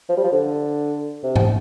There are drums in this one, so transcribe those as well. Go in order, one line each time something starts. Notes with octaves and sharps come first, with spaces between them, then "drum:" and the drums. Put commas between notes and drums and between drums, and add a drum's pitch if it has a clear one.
F3
G3
F3
D3
C3
drum: tom G#2